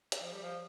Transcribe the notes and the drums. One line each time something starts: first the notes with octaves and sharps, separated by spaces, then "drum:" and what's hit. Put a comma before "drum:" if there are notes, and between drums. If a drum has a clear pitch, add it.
drum: hi-hat
F3
G3
F3